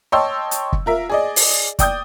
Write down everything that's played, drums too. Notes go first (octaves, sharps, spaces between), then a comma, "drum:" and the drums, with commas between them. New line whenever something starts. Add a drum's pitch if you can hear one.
C#5 D#5 G5 A5 C6 E6
drum: hi-hat
drum: kick
F4 A#4 E5
G#4 D5 D#5
drum: open hi-hat
D5 G5 D#6 G6, drum: kick, hi-hat